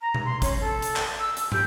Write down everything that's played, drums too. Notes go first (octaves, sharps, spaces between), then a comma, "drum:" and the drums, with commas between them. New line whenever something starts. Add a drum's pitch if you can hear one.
A#5
drum: tom B2
C6
C#4, drum: kick, hi-hat
A4
drum: hi-hat
drum: clap
E6
drum: hi-hat
G4, drum: tom